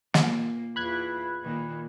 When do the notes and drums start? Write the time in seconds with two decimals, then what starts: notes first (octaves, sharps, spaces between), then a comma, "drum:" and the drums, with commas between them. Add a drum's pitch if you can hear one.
0.14 A#2 A#3, drum: snare
0.76 E2 E4 F4 B5 F#6 G#6
1.42 A#2 D#3 A#3